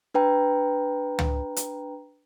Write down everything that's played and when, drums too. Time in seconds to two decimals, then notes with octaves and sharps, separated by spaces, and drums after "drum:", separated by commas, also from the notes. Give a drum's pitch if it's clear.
0.14 D4 B4 G5 A#5
1.19 drum: tom
1.56 drum: hi-hat